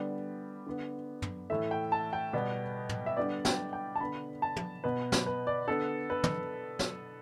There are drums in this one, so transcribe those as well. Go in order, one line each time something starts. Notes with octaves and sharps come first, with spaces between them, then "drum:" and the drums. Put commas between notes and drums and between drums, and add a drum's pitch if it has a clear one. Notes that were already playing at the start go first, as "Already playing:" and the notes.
Already playing: D3 G3 B3
D3 B3
drum: tom
A2 E3 A3 E5
G5
A5
G5
B2 G3 B3
drum: tom
E5
D3 G3 B3 D5
G5, drum: snare
G5
A5
D3 B3 B5
A5
drum: tom
B2 B3 B4
drum: snare
B4
D5
D3 B3 A4
B4
drum: tom
drum: snare